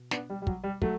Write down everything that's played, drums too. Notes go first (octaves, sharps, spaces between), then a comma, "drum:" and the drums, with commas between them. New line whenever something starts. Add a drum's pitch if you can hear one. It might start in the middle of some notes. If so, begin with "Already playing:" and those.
Already playing: B2
B3 D4, drum: snare
G3
G3
F#3, drum: kick
G3
F#3 A3, drum: kick